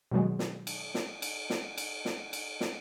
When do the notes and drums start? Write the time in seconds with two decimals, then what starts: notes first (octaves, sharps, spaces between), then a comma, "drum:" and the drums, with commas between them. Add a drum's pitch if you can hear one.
0.11 B2 D#3 F#3 G#3
0.39 drum: snare
0.67 drum: cymbal
0.95 drum: snare
1.22 drum: cymbal
1.50 drum: snare
1.78 drum: cymbal
2.05 drum: snare
2.33 drum: cymbal
2.61 drum: snare